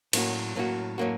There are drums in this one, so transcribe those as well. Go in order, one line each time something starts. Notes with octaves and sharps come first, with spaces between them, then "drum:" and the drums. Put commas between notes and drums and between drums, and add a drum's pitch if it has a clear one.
A2 F#3 A#3 C#4 F#4, drum: cymbal
A2 F#3 A#3 C#4 F#4
A2 F#3 A#3 C#4 F#4